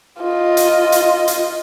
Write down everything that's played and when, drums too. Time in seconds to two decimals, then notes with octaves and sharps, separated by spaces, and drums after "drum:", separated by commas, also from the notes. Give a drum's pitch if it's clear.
0.22 F4 D#5
0.57 drum: hi-hat
0.92 drum: hi-hat
1.28 drum: hi-hat